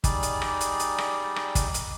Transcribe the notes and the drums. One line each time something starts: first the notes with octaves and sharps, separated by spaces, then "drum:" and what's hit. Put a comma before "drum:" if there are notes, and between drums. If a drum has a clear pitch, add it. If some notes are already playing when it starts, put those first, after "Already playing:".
G3 D#4 G#4 D5, drum: kick, hi-hat
drum: hi-hat
drum: rim click
drum: hi-hat
drum: hi-hat
drum: rim click
drum: rim click
drum: kick, hi-hat
drum: hi-hat